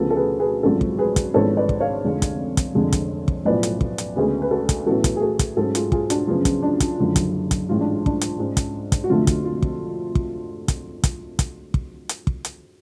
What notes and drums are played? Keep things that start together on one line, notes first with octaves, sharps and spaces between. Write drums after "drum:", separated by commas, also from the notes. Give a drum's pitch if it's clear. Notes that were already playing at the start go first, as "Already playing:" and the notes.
Already playing: D2 C#3 F3 B3 F#4 A4
A4
G#4 B4
G#4 B4
G#1 F#2 F3 G#3 F#4 A4
drum: kick
G#4 B4
drum: kick, hi-hat
G#1 G#2 F3 B3 D4 A4 C#5
B4 D5
drum: kick
C#5 F5
F1 F2 D3 G#3
drum: kick, hi-hat
drum: kick, hi-hat
F1 F2 D3 G#3
drum: kick, hi-hat
drum: kick
B1 A2 F3 B3 B4 D5
drum: hi-hat
drum: kick
drum: hi-hat
D2 C#3 G#3 B3 G#4 B4
B4
F#4 A4
drum: kick, hi-hat
A1 A2 F#3 B3 F#4 A4
drum: kick, hi-hat
G#4
F#4 A4
drum: kick, hi-hat
G#2 F#3 C#4 F#4 A4
F4 G#4, drum: hi-hat
F4 G#4, drum: kick
D4 F#4, drum: hi-hat
F#2 C#3 F3 B3 D4 F4
drum: kick, hi-hat
D4
drum: kick, hi-hat
F#1 F#2 D3 F3
drum: kick, hi-hat
drum: kick, hi-hat
A1 G#2 F3 F4
D4
D4, drum: kick
drum: hi-hat
G#2 G#3 C#4
drum: kick, hi-hat
drum: kick, hi-hat
F#4
F2 D3 F#3 A3 F4
drum: kick, hi-hat
F4
drum: kick
drum: kick
drum: kick, hi-hat
drum: kick, hi-hat
drum: kick, hi-hat
drum: kick
drum: hi-hat
drum: kick
drum: hi-hat